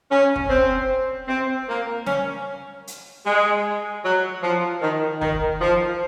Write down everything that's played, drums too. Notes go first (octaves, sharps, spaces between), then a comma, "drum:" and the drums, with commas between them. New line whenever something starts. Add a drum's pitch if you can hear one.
C#4
drum: kick
C4
C4
A#3
C#4, drum: snare
drum: hi-hat
G#3
F#3
F3
D#3
D#3, drum: kick
F3